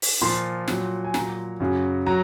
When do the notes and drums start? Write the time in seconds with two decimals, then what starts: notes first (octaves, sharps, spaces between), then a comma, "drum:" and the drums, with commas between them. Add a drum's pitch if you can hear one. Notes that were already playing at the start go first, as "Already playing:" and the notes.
0.02 drum: open hi-hat
0.21 A#2 F3 C6
0.68 A#2 F#3, drum: snare
1.04 G#5
1.14 A#2 F#3 A#5, drum: snare
1.60 F#2 C#3 F#3
2.06 F#3 A#5